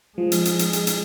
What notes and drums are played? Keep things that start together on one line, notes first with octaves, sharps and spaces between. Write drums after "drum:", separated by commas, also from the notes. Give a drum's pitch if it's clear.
F3 G#3
drum: hi-hat
drum: hi-hat
drum: hi-hat
drum: hi-hat
drum: hi-hat